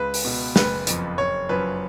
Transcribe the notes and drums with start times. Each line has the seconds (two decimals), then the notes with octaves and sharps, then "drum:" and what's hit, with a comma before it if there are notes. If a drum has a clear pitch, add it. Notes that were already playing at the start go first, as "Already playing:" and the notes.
Already playing: C#2 B4
0.14 drum: open hi-hat
0.25 B2
0.56 F#1 B4, drum: snare
0.87 F2 F3, drum: hi-hat
1.18 F#1 C#5
1.49 F#2 F3 B4